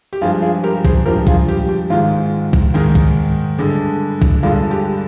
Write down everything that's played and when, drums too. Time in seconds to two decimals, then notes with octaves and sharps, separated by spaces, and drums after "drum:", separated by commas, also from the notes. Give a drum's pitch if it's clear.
0.13 G4
0.22 G2 F3 G#3 F4 G#4
0.42 F4 G#4
0.64 G4 A#4
0.85 G#4 C5, drum: kick
1.06 G2 F3 G#3 G4 A#4
1.27 F4 G#4, drum: kick
1.48 G4
1.69 G4
1.90 G#2 D#3 G#3 F4
2.53 drum: kick
2.74 G#2 D#3 G#3
2.95 drum: kick
3.58 G2 D3 G#3
4.22 drum: kick
4.43 G2 D3 G#3 F4
4.71 G4